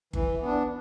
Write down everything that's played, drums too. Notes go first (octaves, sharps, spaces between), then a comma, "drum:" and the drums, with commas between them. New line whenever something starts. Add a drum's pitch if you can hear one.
E3, drum: kick G1
B3 D4